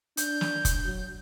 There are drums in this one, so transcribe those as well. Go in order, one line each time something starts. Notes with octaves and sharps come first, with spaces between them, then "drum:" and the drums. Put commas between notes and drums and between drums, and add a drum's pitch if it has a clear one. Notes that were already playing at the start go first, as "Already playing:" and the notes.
D4 G6, drum: hi-hat
drum: snare
drum: kick F1, hi-hat
F#3